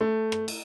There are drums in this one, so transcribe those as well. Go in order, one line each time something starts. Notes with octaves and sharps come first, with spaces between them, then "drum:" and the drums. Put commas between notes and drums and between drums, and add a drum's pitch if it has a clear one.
A3
drum: rim click
drum: cymbal